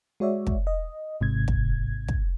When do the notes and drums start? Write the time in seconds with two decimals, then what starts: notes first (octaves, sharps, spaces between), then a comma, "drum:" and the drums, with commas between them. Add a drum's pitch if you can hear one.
0.20 G#3 F#4 C#5 D5 E5
0.47 drum: kick
0.67 D#5
1.21 G#1 G#2 C3 G#6
1.48 drum: kick
2.08 drum: kick